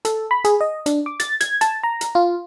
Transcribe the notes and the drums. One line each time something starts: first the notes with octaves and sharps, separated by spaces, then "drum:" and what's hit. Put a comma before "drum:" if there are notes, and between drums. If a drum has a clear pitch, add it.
A4, drum: hi-hat
B5
G#4, drum: hi-hat
D#5
D4, drum: hi-hat
D6
A6, drum: hi-hat
G#6, drum: hi-hat
A5, drum: hi-hat
A#5
drum: hi-hat
F4